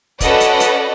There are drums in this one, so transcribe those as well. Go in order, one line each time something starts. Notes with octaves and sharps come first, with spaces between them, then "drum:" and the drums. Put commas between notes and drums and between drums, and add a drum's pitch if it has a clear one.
C#4 F#4 A4 B4 D5 D#5, drum: kick, hi-hat
drum: hi-hat
drum: hi-hat